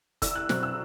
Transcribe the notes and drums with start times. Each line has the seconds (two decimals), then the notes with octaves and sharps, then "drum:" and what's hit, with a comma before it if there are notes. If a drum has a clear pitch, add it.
0.22 C2 E6, drum: kick F#1, hi-hat
0.35 F#6
0.49 B2 F#3 C4 F#6, drum: snare
0.63 E6